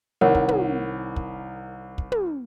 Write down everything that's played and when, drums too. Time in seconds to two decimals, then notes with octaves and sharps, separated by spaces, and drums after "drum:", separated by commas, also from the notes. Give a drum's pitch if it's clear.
0.21 C2 D#3 A#4 C#5 F#5
0.35 drum: kick
0.48 drum: tom
1.16 drum: kick
1.98 drum: kick
2.12 drum: tom